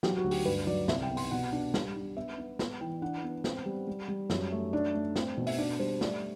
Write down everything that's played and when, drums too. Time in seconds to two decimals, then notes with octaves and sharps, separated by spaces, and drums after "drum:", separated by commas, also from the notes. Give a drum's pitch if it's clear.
0.03 F#3 G4, drum: snare
0.17 F#4
0.24 D2
0.31 G4, drum: open hi-hat
0.45 G2 B4
0.67 F#3 D5
0.88 C2 E5, drum: snare
1.02 G5
1.10 B3
1.17 C6, drum: open hi-hat
1.31 B2 F#5
1.52 D4
1.74 G3, drum: snare
1.96 D4
2.16 B3 E5
2.38 B3
2.59 B3, drum: snare
2.81 E3 G5
3.02 D4 F#5
3.23 B3
3.44 C4, drum: snare
3.66 G3
3.87 G3
4.08 G3
4.30 F#2, drum: snare
4.52 A3
4.73 D4 D5
4.94 A3
5.16 C4, drum: snare
5.37 B2
5.47 E5, drum: open hi-hat
5.58 D4 D5
5.79 G3 C5
6.01 A3 D5, drum: snare